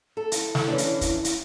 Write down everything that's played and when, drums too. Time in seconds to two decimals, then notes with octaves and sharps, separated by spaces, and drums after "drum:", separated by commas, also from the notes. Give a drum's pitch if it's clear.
0.17 A4
0.32 E4, drum: hi-hat
0.55 drum: snare
0.67 E3 C#4 D4
0.78 drum: hi-hat
1.01 drum: kick, hi-hat
1.24 drum: hi-hat